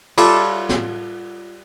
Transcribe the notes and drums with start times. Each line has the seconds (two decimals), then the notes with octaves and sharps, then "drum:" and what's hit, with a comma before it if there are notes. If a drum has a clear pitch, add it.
0.18 G3 F4 A4, drum: cymbal
0.69 drum: snare